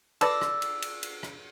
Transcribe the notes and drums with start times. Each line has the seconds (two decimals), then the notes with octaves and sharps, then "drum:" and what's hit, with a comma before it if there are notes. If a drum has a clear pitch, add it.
0.21 A4 B4 D5 E6 A6 A#6, drum: cymbal
0.41 drum: rim click
0.62 drum: cymbal
0.82 drum: cymbal
1.03 drum: cymbal
1.23 drum: rim click